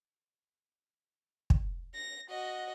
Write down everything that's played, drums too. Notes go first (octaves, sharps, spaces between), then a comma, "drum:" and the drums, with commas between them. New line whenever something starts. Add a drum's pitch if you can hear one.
drum: kick
A#6
F#4 D#5